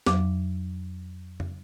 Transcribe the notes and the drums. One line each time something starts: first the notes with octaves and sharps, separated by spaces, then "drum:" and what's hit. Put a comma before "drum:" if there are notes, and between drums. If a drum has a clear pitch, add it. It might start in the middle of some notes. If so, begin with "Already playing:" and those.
F2 F#3 D6, drum: snare
drum: tom F2